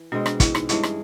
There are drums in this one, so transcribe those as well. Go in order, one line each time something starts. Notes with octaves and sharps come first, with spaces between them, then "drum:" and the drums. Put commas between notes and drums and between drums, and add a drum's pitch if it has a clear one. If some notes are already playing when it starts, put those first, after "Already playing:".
Already playing: E3
B2 G#3 C4 D4
D4, drum: rim click
E4, drum: kick, hi-hat
D#4, drum: rim click
G2 E3 G#3 C#4 E4, drum: hi-hat
drum: rim click